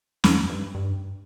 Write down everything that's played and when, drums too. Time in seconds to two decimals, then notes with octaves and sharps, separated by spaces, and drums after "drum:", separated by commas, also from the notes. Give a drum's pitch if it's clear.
0.24 F2, drum: snare
0.49 G2
0.75 G2